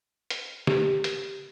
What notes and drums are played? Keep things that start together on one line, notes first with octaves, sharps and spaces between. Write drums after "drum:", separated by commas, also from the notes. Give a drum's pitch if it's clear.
drum: hi-hat
G4, drum: snare
drum: hi-hat